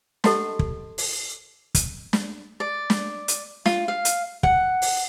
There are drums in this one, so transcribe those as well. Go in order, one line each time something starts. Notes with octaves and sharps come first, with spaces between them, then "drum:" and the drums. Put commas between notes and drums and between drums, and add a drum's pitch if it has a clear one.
G4 A4 D#5 F#5 A5 C6, drum: snare
drum: kick
drum: open hi-hat
drum: kick, hi-hat
drum: snare
D5
drum: snare
drum: hi-hat
F4, drum: snare
F5
drum: hi-hat
F#5, drum: kick
drum: open hi-hat